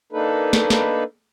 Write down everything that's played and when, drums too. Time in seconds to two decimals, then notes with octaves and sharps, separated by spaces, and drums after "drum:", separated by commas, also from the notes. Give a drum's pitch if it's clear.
0.12 A#3 D4 D#4 A4 B4
0.53 drum: snare
0.70 drum: snare